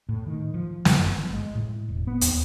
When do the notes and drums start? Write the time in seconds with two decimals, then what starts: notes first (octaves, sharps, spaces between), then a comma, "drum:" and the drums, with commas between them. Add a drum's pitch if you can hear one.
0.09 A2
0.26 D#3
0.54 F3
0.85 F#2, drum: snare
1.05 G1
1.33 G#3
1.55 A2
1.88 E1
2.07 B3
2.21 D#2, drum: hi-hat